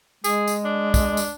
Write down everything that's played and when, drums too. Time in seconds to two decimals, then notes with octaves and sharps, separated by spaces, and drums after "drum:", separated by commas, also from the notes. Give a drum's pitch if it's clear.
0.24 G#3 G#4, drum: tambourine
0.48 drum: tambourine
0.65 D4
0.94 drum: kick, tambourine
1.17 drum: tambourine